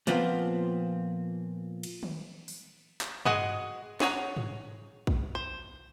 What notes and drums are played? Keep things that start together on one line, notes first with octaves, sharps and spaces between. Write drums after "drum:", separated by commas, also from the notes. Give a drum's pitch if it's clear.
A#2 F3 B3 C4 F4, drum: hi-hat
drum: cymbal
drum: tom D#3
drum: open hi-hat
drum: clap
G#3 F#4 G#4 D#5 F#5, drum: tom G2
B3 G#4 C#5 F#5 A#5, drum: snare
drum: tom G#2
drum: kick
C5